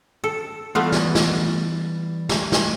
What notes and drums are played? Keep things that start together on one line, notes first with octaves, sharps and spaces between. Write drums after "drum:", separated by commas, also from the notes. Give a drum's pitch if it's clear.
A4
E3 G3 A3 B3 F4
drum: snare
drum: snare
drum: snare
drum: snare